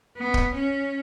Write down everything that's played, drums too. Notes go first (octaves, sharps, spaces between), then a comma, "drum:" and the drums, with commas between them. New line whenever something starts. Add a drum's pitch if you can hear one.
B3
drum: kick
C#4